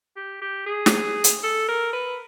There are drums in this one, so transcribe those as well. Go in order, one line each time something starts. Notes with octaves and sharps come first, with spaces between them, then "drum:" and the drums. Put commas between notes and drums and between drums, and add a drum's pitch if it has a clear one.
G4
G4
G#4
drum: snare
drum: hi-hat
A4
A#4
B4